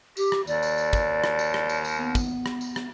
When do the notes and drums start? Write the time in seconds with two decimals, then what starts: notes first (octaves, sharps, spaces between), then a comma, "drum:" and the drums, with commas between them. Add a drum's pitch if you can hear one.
0.17 G4, drum: tambourine
0.32 drum: rim click
0.47 D#2 D5, drum: tambourine
0.63 drum: tambourine
0.78 drum: tambourine
0.93 drum: kick, tambourine
1.24 drum: rim click
1.39 drum: tambourine
1.54 drum: rim click
1.69 drum: tambourine
1.85 drum: tambourine
1.96 B3
2.15 drum: kick, tambourine
2.46 drum: rim click
2.61 drum: tambourine
2.76 drum: rim click